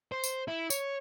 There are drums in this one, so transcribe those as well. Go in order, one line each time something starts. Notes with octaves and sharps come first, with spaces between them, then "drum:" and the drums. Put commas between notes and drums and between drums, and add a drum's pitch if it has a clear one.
C5
drum: tambourine
E4
C#5, drum: tambourine